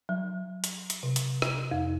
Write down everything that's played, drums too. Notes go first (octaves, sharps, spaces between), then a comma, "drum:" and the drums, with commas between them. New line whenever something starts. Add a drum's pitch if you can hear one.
F#3
drum: hi-hat
drum: hi-hat
C3
drum: hi-hat
drum: rim click
F2